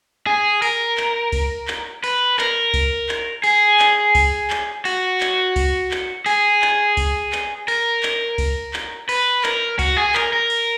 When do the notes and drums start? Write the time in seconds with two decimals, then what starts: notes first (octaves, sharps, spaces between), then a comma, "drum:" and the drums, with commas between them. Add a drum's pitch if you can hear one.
0.26 G#4
0.62 A#4, drum: open hi-hat
0.97 drum: clap
1.32 drum: kick C#2, open hi-hat
1.68 drum: clap
2.04 B4, drum: open hi-hat
2.39 A#4, drum: clap
2.74 drum: kick C#2, open hi-hat
3.09 drum: clap
3.44 G#4, drum: open hi-hat
3.79 drum: clap
4.15 drum: kick C#2, open hi-hat
4.50 drum: clap
4.85 F#4, drum: open hi-hat
5.21 drum: clap
5.56 drum: kick C#2, open hi-hat
5.91 drum: clap
6.26 G#4, drum: open hi-hat
6.62 drum: clap
6.97 drum: kick C#2, open hi-hat
7.32 drum: clap
7.68 A#4, drum: open hi-hat
8.03 drum: clap
8.38 drum: kick C#2, open hi-hat
8.74 drum: clap
9.09 B4, drum: open hi-hat
9.44 A#4, drum: clap
9.79 F#4, drum: kick C#2, open hi-hat
9.97 G#4
10.14 A#4, drum: clap
10.33 A#4
10.50 drum: open hi-hat